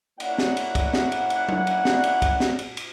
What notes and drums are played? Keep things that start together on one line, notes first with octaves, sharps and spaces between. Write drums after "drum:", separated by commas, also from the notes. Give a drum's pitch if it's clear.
A#3 C#4 E4 D5 F#5, drum: cymbal
drum: snare
drum: cymbal
drum: kick, cymbal
drum: snare
drum: cymbal
drum: cymbal
drum: tom F#3
drum: cymbal
drum: snare
drum: cymbal
drum: kick, cymbal
drum: snare
drum: cymbal
drum: cymbal